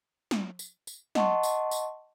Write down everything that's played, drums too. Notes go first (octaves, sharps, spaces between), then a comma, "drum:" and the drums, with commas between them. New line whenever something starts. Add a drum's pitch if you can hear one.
drum: snare
drum: tambourine
drum: tambourine
D#5 F#5 A5 C6 C#6, drum: snare
drum: tambourine
drum: tambourine